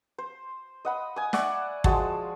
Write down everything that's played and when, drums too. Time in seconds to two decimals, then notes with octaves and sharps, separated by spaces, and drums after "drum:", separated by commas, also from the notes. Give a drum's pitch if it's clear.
0.18 C5
0.85 D#5 F#5 B5
1.16 G#5 D#6
1.33 D5 E5 F#5 C#6, drum: snare
1.84 F3 G#3 F#4 A5, drum: kick